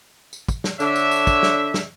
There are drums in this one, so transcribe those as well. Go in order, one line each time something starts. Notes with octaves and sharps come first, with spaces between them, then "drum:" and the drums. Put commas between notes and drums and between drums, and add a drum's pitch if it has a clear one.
drum: tambourine
drum: kick, tambourine
drum: snare
D3 D4 C#5 E5, drum: tambourine
drum: tambourine
drum: tambourine
drum: kick, tambourine
drum: snare
drum: snare